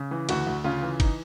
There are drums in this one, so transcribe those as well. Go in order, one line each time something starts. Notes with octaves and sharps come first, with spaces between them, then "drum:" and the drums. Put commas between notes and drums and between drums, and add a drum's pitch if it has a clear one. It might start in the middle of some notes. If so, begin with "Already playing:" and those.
Already playing: C#3
E3
D2 F#4, drum: cymbal
D2
C#3 F4
E3
D#4, drum: kick, cymbal